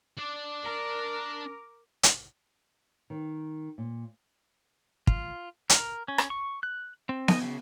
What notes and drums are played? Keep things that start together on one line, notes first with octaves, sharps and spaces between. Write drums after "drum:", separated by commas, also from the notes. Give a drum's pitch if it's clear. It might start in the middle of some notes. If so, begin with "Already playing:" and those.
D4 D5 D6
A#4
drum: hi-hat
D#3
A#2
F4, drum: kick
A#4, drum: hi-hat
C#4
drum: rim click
C#6
F#6
C4
D#5, drum: snare B3
C#3